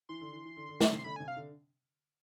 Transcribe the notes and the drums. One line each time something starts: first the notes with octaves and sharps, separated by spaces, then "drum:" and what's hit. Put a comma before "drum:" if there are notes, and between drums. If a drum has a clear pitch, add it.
E3 C6
D3
E3
E3
D3
D3
D3, drum: snare
C3
C6
D3 B5
C3 G#5
F5
D3